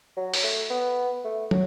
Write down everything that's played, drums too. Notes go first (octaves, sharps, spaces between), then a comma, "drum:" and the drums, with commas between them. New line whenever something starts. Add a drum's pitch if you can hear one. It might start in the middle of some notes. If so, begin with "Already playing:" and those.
F#3
drum: open hi-hat
A3
B3
A3
F#3, drum: tom